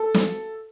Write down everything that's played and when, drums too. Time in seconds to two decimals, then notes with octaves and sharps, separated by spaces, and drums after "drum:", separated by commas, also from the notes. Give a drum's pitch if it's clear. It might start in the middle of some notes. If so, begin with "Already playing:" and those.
Already playing: A4
0.14 drum: snare